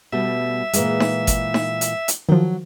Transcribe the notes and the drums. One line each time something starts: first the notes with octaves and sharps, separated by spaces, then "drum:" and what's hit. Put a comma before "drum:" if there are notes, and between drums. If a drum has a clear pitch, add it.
B2 G3 A3 E5
A#2 E3 G#3, drum: hi-hat
drum: snare D#4
drum: kick G1, hi-hat
drum: snare D#4
drum: hi-hat
drum: hi-hat
D#3 F3 F#3